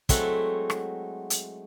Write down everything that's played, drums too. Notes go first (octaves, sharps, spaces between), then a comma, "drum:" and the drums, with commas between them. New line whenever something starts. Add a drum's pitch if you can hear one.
F#3 G#3 A3 C4 E4 F#4, drum: kick, hi-hat
drum: rim click
drum: hi-hat